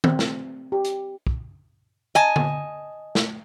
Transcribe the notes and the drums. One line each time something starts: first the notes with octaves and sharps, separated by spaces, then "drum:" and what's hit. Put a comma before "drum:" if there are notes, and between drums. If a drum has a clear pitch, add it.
C4, drum: tom D#3
drum: snare
G4
drum: hi-hat
drum: kick
D#5 G#5 A5
drum: tom D3
drum: snare